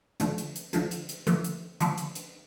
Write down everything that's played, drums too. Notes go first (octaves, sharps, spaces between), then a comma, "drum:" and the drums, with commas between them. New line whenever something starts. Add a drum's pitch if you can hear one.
D3 F3 A3, drum: hi-hat
drum: hi-hat
drum: hi-hat
D3 F3 A3, drum: hi-hat
drum: hi-hat
drum: hi-hat
D3 F3 A3, drum: hi-hat
drum: hi-hat
D3 F3 A3, drum: hi-hat
drum: hi-hat
drum: hi-hat